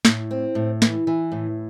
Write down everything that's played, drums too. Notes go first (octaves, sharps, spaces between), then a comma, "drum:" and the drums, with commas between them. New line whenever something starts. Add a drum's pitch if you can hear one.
A2, drum: snare
C4
A2
E3, drum: snare
E3
A2